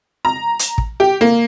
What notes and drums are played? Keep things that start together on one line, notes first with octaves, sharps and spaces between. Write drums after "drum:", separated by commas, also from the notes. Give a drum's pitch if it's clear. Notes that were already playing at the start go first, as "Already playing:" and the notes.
A#5
drum: hi-hat
drum: kick
G4
A#3